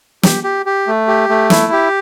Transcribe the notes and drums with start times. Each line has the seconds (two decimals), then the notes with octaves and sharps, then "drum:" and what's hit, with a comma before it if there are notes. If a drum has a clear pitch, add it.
0.23 G4, drum: snare
0.44 G4
0.66 G4
0.87 A3
1.08 G4
1.29 A3
1.50 E4, drum: snare
1.72 G4